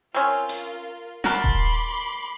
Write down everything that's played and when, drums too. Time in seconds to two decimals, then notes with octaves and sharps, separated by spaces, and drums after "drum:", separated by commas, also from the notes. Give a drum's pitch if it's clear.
0.14 C4 C#4 F4 A#4
0.49 drum: hi-hat
1.24 F#4 A#4 A5 B5 C6 D6, drum: snare
1.44 drum: kick D#1